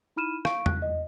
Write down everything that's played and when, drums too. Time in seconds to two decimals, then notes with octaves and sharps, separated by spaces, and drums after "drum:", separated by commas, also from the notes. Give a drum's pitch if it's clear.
0.16 D#4 E4 B5 F6 D#7 E7
0.45 F5 C#6 D7, drum: rim click
0.66 F#6, drum: tom E2
0.82 D#5